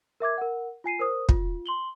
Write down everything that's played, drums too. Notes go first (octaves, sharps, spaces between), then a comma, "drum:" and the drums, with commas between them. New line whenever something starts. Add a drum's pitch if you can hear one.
A#4 E5 D6 G#6
A#4 F#5
F4 G#5 C7 D#7
A#4 C5 D#6
F4, drum: kick
C6 F#7 G7